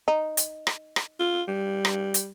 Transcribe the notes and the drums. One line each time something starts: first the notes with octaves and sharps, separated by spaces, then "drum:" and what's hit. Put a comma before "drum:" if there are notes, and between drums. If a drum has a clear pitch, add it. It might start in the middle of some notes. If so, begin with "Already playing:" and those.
D#4
drum: hi-hat
drum: rim click
drum: rim click
F4
G3
drum: rim click
drum: hi-hat